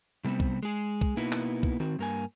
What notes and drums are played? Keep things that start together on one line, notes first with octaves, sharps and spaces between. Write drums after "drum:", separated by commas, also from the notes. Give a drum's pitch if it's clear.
C3 G3 B3 C4
drum: kick
G#3 G#4
drum: kick
B2 A#3 B3 D#4 E4
drum: clap
drum: kick
D#3 C4 F#4
G2 A#3 G#5